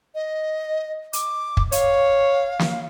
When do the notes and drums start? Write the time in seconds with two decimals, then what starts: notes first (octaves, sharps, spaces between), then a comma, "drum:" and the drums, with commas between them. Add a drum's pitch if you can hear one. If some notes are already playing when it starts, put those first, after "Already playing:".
0.15 D#5
1.13 D6, drum: hi-hat
1.57 drum: kick
1.72 C#5 F5, drum: hi-hat
2.59 drum: snare